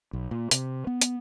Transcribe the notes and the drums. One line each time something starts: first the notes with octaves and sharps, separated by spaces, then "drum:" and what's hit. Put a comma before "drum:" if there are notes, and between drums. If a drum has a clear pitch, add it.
B1
A#2
C3, drum: hi-hat
B3
drum: hi-hat